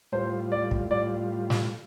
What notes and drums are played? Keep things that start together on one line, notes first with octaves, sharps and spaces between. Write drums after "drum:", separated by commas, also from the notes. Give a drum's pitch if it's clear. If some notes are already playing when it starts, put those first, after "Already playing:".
A2 G3 F4 C5
D5
drum: kick
A2 G3 F4 D5
drum: snare